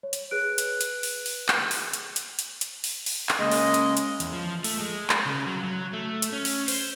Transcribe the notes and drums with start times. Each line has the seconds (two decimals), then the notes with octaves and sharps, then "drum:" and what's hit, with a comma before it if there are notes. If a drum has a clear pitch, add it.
0.03 C#5
0.13 drum: hi-hat
0.31 G#4 B4 F#6 D7
0.58 drum: hi-hat
0.81 drum: hi-hat
1.03 drum: open hi-hat
1.26 drum: open hi-hat
1.48 drum: clap
1.71 drum: open hi-hat
1.94 drum: hi-hat
2.16 drum: hi-hat
2.39 drum: hi-hat
2.61 drum: hi-hat
2.84 drum: open hi-hat
3.06 drum: open hi-hat
3.29 drum: clap
3.40 C#3 G#3 A#3 D#5
3.52 drum: open hi-hat
3.74 drum: hi-hat
3.97 drum: hi-hat
4.20 E2, drum: hi-hat
4.33 F3
4.64 A3, drum: open hi-hat
4.80 G#3
5.10 drum: clap
5.26 C#3
5.46 F#3
5.64 F#3
5.93 A3
6.22 drum: hi-hat
6.33 C#4
6.45 drum: open hi-hat
6.68 C5, drum: open hi-hat